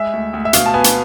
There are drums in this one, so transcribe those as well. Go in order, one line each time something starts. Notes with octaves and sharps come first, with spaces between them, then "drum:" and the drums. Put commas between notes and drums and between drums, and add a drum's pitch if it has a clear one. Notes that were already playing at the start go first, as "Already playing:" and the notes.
Already playing: G#3 E5
D2
D2
E5
B2 F5, drum: hi-hat
A5
B3 G#5
drum: hi-hat